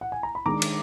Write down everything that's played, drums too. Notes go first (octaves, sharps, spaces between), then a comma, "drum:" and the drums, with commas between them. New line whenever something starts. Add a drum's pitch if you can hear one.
F#5
G#5
A#5
B5
D#3 G#3 D4 A#5 D6
drum: cymbal